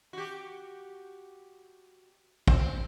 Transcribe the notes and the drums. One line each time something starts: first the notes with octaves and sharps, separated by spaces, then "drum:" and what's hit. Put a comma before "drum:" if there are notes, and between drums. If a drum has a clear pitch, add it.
F#4 G4
C4, drum: kick